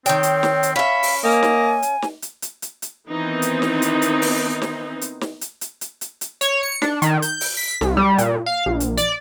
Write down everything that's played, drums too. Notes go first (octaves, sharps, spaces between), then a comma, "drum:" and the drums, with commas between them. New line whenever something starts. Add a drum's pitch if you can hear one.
D#3 C4 C#5 G5, drum: hi-hat
drum: hi-hat
drum: snare
drum: hi-hat
C#4 E5 F5 B5
drum: open hi-hat
A#3 D#5 G#5
drum: snare
drum: hi-hat
drum: snare
drum: hi-hat
drum: hi-hat
drum: hi-hat
drum: hi-hat
D#3 E3 B3 C4 D#4
drum: hi-hat
drum: snare
drum: hi-hat
drum: hi-hat
drum: open hi-hat
drum: snare
drum: hi-hat
drum: snare
drum: hi-hat
drum: hi-hat
drum: hi-hat
drum: hi-hat
drum: hi-hat
C#5, drum: hi-hat
C#7
D4, drum: snare
D#3, drum: hi-hat
G6, drum: hi-hat
drum: open hi-hat
B6
C2, drum: snare
G3
A#2, drum: hi-hat
F5
A#1
drum: hi-hat
D5, drum: hi-hat